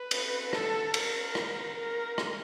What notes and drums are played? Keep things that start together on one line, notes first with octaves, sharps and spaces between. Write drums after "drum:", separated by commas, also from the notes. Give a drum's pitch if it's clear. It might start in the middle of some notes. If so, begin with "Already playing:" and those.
Already playing: B4
drum: cymbal
A4, drum: rim click
A#4, drum: cymbal
drum: rim click
A#4
drum: rim click